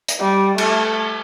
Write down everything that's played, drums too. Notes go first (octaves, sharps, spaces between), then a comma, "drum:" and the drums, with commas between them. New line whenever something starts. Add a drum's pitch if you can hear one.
drum: hi-hat
G3
A3, drum: cymbal